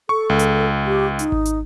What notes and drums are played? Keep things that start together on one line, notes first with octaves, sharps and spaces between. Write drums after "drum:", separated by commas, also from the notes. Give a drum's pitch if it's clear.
A4 C#6
C#2
drum: hi-hat
G4
D#4, drum: hi-hat
drum: kick G#1
drum: hi-hat